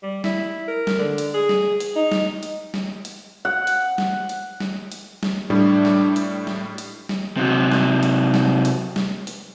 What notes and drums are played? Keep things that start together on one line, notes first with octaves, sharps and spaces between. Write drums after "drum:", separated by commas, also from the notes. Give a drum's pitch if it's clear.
G3
E4, drum: snare
A#4
drum: snare
D3
drum: hi-hat
G#4
drum: snare
drum: hi-hat
D#4
drum: snare
drum: hi-hat
drum: snare
drum: hi-hat
F#5
drum: hi-hat
drum: snare
drum: hi-hat
drum: snare
drum: hi-hat
drum: snare
A2 G3 D4
drum: snare
drum: hi-hat
drum: snare
drum: hi-hat
drum: snare
C3 F#3
drum: snare
drum: hi-hat
drum: snare
drum: hi-hat
drum: snare
drum: hi-hat